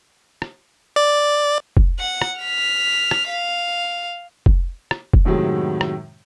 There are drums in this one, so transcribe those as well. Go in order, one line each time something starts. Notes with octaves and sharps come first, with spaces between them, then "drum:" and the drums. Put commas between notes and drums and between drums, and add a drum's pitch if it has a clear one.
drum: rim click
D5
drum: kick F1
F#5
drum: rim click
F6 B6
drum: rim click
F5
drum: kick F1
drum: rim click
drum: kick F1
F#2 A2 C3 D#3 F#3 G#3
drum: rim click